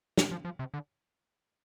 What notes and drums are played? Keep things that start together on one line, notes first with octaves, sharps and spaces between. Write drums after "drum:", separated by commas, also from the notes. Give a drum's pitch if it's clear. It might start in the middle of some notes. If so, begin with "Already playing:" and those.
E3, drum: snare
F3
F3
C3
D3